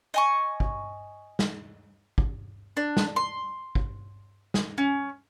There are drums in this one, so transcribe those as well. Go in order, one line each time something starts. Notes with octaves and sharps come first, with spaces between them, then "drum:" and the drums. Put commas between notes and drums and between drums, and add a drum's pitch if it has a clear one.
D#5 G#5 C#6
drum: kick
drum: snare
drum: kick
D4
drum: snare
C6
drum: kick
drum: snare
C#4